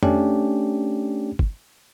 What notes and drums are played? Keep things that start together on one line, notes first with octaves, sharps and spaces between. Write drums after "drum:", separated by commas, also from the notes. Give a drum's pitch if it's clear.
A3 C#4 D4 G4, drum: tom F2
drum: kick